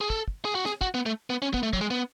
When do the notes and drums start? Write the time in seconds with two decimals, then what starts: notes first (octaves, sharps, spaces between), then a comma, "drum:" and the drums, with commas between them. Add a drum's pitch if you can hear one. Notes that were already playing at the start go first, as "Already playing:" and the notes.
0.01 G#4
0.10 A4, drum: kick
0.28 drum: kick
0.45 G#4
0.55 F#4
0.66 G#4, drum: snare
0.81 F#4, drum: kick
0.94 B3
1.06 A3
1.30 B3
1.42 C#4
1.54 B3, drum: kick
1.63 A3
1.73 F#3, drum: kick
1.81 G#3
1.90 B3